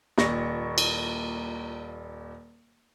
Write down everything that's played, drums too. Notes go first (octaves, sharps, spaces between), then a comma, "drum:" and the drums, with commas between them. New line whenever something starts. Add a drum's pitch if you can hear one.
D#1 A#2 C#6 A#6, drum: snare
drum: cymbal